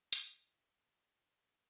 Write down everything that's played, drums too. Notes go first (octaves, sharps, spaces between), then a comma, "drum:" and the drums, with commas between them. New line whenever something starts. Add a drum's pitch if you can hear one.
C#4 E4 B6, drum: hi-hat